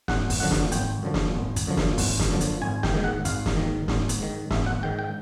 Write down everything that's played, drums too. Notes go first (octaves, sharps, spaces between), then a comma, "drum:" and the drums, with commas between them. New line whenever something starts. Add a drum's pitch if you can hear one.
G#1 F#5, drum: snare
drum: kick, open hi-hat
F#2 D3 F3 F#5
drum: snare
G#1 G5, drum: hi-hat
F#2 D3 F3
drum: snare
G#1
drum: kick, hi-hat
F#2 D3 F3
drum: snare
G#1, drum: kick, open hi-hat
drum: snare
F#2 D3 F3
drum: hi-hat
G#1 G#5
G5, drum: snare
G#2 D#3
F#5
G#1 F5, drum: kick, hi-hat
drum: snare
D#3
G#2
G#1, drum: snare
drum: hi-hat
G#2 D#3
G#1 E5, drum: snare
F#5
G#2 D#3 G5
G5